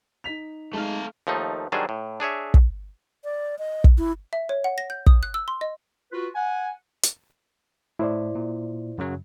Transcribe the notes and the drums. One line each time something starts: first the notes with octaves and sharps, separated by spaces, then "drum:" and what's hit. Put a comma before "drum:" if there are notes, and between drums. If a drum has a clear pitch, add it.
D#4 B6 F7
G#3 A3 D#4 F5
D#2 F3 A3 D#4
D#3 F#3 G3 D4 G#4 C5
A2
D4 G#4 C#5 E5
drum: kick
D5
D#5
drum: kick
E4
E5
C#5
F#5
A#6
G6
D#6, drum: kick
F#6
E6
C6
D#5
F4 F#4 B4
F#5 G#5
drum: hi-hat
A2 E4 C5 D5
A#2
F#2 C#3 F#3